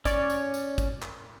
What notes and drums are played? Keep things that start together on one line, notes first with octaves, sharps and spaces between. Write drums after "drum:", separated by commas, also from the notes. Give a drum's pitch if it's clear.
C#4 C#5 D5, drum: kick, tambourine
drum: tambourine
drum: tambourine
drum: kick, tambourine
drum: clap